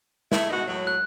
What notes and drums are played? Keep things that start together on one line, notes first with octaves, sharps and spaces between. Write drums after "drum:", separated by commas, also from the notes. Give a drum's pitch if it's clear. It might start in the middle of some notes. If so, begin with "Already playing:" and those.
A3 E4, drum: snare
B2 D#4 F#4
A2 F#3
F#6